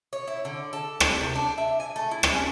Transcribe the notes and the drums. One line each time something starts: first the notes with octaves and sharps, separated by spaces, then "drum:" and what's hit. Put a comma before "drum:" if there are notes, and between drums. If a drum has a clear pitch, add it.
C#5
E4
D3
A4
drum: rim click
C3
D4
E5
G#5
A3
E4
drum: rim click
C#4